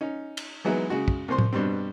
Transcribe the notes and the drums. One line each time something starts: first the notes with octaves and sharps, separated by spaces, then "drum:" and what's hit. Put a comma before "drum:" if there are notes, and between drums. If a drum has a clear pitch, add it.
C#4 D#4
drum: cymbal
E3 F#3 G#3 B3 D#4 E4
C#3 G#3 F#4
drum: kick
C2 C3 C5 C6
drum: tom A2
G2 B2 G3 C4